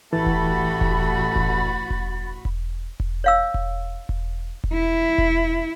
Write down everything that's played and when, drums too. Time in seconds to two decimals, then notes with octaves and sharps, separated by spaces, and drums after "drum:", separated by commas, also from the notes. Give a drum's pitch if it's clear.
0.13 A1 E3 A3 F#4 G4 A4 B5 A6
0.26 drum: kick E1
0.81 drum: kick E1
1.36 drum: kick E1
1.90 drum: kick E1
2.45 drum: kick E1
3.00 drum: kick E1
3.24 C#5 F5 E6
3.54 drum: kick E1
4.09 drum: kick E1
4.64 drum: kick E1
4.73 E4
5.18 drum: kick E1